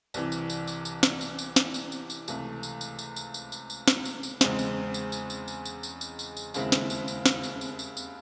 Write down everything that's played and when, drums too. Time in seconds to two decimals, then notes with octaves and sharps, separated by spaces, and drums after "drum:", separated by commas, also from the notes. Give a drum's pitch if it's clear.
0.14 C2 C3 E3, drum: tambourine
0.32 drum: tambourine
0.50 drum: tambourine
0.67 drum: tambourine
0.85 drum: tambourine
1.03 drum: snare
1.21 drum: tambourine
1.39 drum: tambourine
1.56 drum: snare
1.74 drum: tambourine
1.92 drum: tambourine
2.10 drum: tambourine
2.28 C#2 C3 E3 A3, drum: tambourine
2.63 drum: tambourine
2.81 drum: tambourine
2.99 drum: tambourine
3.16 drum: tambourine
3.34 drum: tambourine
3.52 drum: tambourine
3.70 drum: tambourine
3.88 drum: snare
4.05 drum: tambourine
4.23 drum: tambourine
4.41 E2 C#3 G#3 C4, drum: snare
4.59 drum: tambourine
4.94 drum: tambourine
5.12 drum: tambourine
5.30 drum: tambourine
5.48 drum: tambourine
5.65 drum: tambourine
5.83 drum: tambourine
6.01 drum: tambourine
6.19 drum: tambourine
6.37 drum: tambourine
6.54 D#2 C#3 G#3 C4 E4, drum: tambourine
6.72 drum: snare
6.90 drum: tambourine
7.08 drum: tambourine
7.26 drum: snare
7.43 drum: tambourine
7.61 drum: tambourine
7.79 drum: tambourine
7.97 drum: tambourine